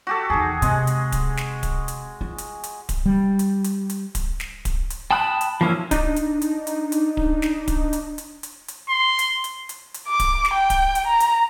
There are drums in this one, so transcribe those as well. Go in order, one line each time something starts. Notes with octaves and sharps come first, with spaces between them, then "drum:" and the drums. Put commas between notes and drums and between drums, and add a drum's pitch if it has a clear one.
F#4 G4 A4
E2 D#3 G#4
C3 G#3, drum: hi-hat
drum: hi-hat
drum: kick D1, hi-hat
drum: snare
drum: kick D1, hi-hat
drum: hi-hat
F4
drum: hi-hat
drum: hi-hat
drum: kick D1, hi-hat
G3
drum: hi-hat
drum: hi-hat
drum: hi-hat
drum: kick D1, hi-hat
drum: snare
drum: kick D1, hi-hat
drum: hi-hat
G5 A5 B5 D#6 F#6
drum: hi-hat
F3 A#3 C#4 E4
D4 D#4, drum: kick D1, hi-hat
drum: hi-hat
drum: hi-hat
drum: hi-hat
drum: hi-hat
drum: kick D1
drum: snare
drum: kick D1, hi-hat
drum: hi-hat
drum: hi-hat
drum: hi-hat
drum: hi-hat
C6
drum: hi-hat
drum: hi-hat
drum: hi-hat
drum: hi-hat
D6
drum: kick D1, hi-hat
drum: snare
G5
drum: kick D1, hi-hat
drum: hi-hat
A#5
drum: hi-hat